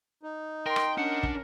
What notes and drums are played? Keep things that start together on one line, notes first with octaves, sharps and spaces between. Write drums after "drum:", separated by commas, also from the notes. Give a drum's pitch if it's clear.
D#4
A#4 G5 C6
drum: rim click
C#4 D4 A#4 F#5
drum: kick